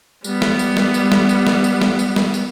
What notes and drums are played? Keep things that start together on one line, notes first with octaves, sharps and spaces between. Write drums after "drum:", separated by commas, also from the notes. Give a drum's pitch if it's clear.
G3 B3, drum: tambourine
drum: snare
drum: tambourine
drum: snare
drum: tambourine
drum: snare
drum: tambourine
drum: snare
drum: tambourine
drum: snare
drum: tambourine
drum: snare
drum: tambourine